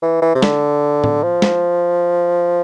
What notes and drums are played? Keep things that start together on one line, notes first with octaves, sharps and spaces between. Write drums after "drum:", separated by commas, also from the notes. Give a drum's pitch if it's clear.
E3
E3
C3
D3, drum: snare
drum: tom
F3
drum: snare